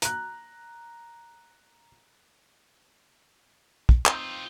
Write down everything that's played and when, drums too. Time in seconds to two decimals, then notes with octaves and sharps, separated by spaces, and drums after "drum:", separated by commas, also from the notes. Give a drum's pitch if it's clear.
0.02 A#5 F#6, drum: hi-hat
3.89 drum: kick
4.06 C4 D#4 F4 G4, drum: clap